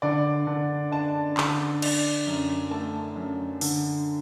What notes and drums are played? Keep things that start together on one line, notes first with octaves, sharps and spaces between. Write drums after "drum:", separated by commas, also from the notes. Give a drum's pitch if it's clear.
D3 D5
D3
D4 A5
D3, drum: clap
D4, drum: cymbal
F#2
A3 A5
F#2
D3, drum: open hi-hat